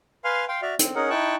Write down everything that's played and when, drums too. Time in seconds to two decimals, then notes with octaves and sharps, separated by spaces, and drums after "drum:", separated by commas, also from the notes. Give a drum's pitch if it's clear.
0.24 B4 F5 G#5 C6 F6
0.48 F5 G5 C6
0.62 F#4 D5 E5 F6
0.79 C4, drum: hi-hat
0.95 C#4 D#4 G#4 A#4 F#5
1.10 D#4 E4 G5 A5 C#6 F#6